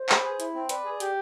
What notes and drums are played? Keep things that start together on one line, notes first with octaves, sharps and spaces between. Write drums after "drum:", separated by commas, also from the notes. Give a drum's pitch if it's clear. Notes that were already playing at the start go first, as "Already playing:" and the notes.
Already playing: C5
B4, drum: clap
G#4
E4, drum: hi-hat
C4
B4 D5, drum: hi-hat
G#4
G4, drum: hi-hat